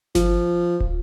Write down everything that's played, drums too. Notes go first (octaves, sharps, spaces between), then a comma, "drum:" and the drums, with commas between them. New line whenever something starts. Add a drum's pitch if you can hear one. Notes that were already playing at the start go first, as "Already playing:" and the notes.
F3, drum: snare G1
drum: kick